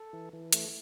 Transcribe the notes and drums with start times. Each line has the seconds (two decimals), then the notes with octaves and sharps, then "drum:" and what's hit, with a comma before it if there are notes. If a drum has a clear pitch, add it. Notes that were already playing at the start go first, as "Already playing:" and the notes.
Already playing: A4
0.13 E3
0.33 E3
0.53 A3, drum: hi-hat